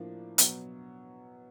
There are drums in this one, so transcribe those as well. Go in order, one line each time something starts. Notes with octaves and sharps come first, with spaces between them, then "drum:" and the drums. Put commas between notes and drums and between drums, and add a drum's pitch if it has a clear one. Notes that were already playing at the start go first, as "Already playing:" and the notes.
Already playing: A2 F3 A#3 D4 F4
B2 F#3 B3, drum: hi-hat